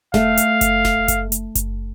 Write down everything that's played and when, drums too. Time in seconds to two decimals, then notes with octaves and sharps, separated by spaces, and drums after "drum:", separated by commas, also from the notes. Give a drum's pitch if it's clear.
0.14 A3 F5, drum: snare E1
0.37 drum: hi-hat
0.61 drum: kick F#1, hi-hat
0.85 drum: snare E1
1.08 drum: kick F#1, hi-hat
1.32 drum: hi-hat
1.55 drum: kick F#1, hi-hat